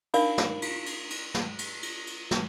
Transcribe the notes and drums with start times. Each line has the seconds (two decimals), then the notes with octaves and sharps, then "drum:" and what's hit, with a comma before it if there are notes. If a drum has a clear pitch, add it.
0.14 D4 D#4 A#4 D5 F5 B5, drum: cymbal
0.38 drum: snare
0.62 drum: cymbal
0.86 drum: cymbal
1.10 drum: cymbal
1.34 drum: snare
1.59 drum: cymbal
1.83 drum: cymbal
2.07 drum: cymbal
2.31 drum: snare